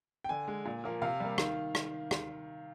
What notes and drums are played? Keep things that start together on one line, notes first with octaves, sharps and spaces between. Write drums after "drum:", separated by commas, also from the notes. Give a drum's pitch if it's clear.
G5
D3 G#5
G#3
A#2
F3 A#3
C3 F5
G3 A#3
D#3, drum: rim click
drum: rim click
drum: rim click